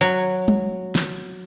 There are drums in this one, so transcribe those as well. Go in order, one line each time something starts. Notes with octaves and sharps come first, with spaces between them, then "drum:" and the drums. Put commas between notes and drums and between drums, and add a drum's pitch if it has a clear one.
F#3
drum: tom G3
drum: snare